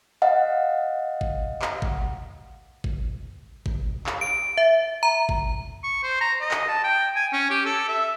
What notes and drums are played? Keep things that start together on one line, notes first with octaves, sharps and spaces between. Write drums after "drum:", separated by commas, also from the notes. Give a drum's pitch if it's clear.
D#5 F5 F#5
drum: kick G#1
drum: clap
drum: kick G#1
drum: kick G#1
drum: kick G#1
drum: clap
D7
E5
A#5
drum: kick G#1
C#6
C5
A#5
D#5
drum: clap
A5
G5
G#5
C#4
G4
A4
E5